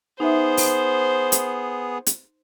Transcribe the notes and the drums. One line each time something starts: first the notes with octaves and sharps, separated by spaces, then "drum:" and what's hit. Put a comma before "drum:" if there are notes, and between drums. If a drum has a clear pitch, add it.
B3 D#4 G#4 C5 E5
drum: open hi-hat
drum: hi-hat
drum: hi-hat